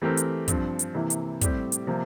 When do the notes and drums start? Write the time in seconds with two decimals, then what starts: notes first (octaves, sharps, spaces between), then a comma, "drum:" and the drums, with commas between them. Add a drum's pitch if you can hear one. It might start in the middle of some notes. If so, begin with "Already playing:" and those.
0.02 E3 A3 C4 G4 A#4
0.17 drum: hi-hat
0.48 G2 F3 C4, drum: kick, hi-hat
0.79 drum: hi-hat
0.95 C3 E3 A#3 E4
1.10 drum: hi-hat
1.41 A2 G3 C4 G4, drum: kick, hi-hat
1.72 drum: hi-hat
1.87 C3 F3 A#3